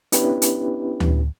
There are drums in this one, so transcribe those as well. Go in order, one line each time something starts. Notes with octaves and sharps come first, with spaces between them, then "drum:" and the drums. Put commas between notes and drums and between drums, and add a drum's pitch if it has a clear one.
B3 C#4 D4 E4 G4 B4, drum: hi-hat
drum: hi-hat
drum: tom D2